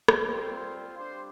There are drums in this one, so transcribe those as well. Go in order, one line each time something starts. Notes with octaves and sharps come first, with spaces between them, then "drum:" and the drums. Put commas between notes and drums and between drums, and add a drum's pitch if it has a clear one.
drum: rim click
G3 C4 F4 C5 C6
G3 D4 G4 C5 C6